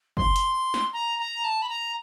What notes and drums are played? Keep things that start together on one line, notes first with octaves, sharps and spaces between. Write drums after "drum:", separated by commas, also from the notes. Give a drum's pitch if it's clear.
C6, drum: kick
drum: hi-hat
drum: snare
A#5
A#5
A5
B5
A#5